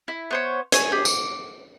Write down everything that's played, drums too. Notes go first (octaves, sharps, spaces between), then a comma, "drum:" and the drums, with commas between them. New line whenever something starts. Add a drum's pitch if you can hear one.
E4
B3 C5 C#5
C#5 G#5, drum: hi-hat
G4 G#4
D6, drum: tambourine